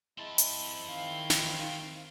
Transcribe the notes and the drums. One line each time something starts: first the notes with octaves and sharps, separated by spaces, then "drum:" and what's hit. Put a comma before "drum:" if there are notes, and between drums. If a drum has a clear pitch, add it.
G#3 C4 E4 A5
drum: hi-hat
D#3 F5
drum: snare